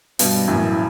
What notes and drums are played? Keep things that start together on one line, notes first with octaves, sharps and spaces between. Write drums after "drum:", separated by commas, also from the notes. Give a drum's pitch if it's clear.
G2 B2 G3, drum: open hi-hat
F#2 A2 E3